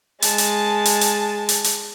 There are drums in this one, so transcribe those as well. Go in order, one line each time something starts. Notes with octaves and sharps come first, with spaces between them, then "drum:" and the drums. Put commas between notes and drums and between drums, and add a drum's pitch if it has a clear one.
G#3 A5, drum: hi-hat
drum: hi-hat
drum: hi-hat
drum: hi-hat
drum: hi-hat
drum: hi-hat